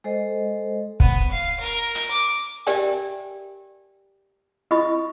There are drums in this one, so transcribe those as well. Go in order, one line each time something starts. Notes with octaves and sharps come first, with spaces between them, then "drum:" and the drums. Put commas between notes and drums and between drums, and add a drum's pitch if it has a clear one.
G#3 A4 C5 D#5
B3, drum: kick
F5
A#4
drum: hi-hat
D6
G4 A#4 D5 E5 G5 G#5, drum: hi-hat
E4 F4 D#5 B5 C#6 D#6